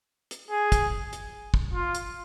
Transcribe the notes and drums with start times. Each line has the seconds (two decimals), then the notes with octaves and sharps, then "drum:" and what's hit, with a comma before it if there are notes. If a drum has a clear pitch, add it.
0.31 drum: hi-hat
0.51 G#4
0.72 drum: kick, hi-hat
1.13 drum: hi-hat
1.54 drum: kick
1.74 F4
1.95 drum: hi-hat